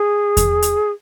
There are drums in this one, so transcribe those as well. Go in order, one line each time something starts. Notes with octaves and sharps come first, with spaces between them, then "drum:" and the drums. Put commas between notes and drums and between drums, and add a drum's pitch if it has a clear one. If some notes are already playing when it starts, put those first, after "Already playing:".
Already playing: G#4
drum: kick E2, hi-hat
drum: hi-hat